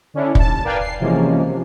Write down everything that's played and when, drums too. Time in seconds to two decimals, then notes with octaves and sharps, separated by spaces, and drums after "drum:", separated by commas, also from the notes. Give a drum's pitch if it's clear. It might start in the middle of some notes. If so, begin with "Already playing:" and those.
0.14 D3 C#4 D4 E4
0.35 D#2 A5, drum: kick
0.64 A#4 B4 D5 F5 G5 G#5
0.80 C7
1.00 C3 E3 F3 G#3 A#3 C#4
1.45 C3 F3